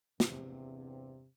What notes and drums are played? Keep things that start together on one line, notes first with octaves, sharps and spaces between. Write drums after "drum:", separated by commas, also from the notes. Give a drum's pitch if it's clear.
E2 G2 C3, drum: snare